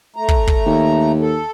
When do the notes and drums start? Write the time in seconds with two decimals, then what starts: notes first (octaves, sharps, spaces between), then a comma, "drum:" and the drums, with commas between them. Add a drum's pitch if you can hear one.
0.16 A3 A#5
0.28 drum: kick
0.47 drum: kick
0.66 D#2
1.20 A4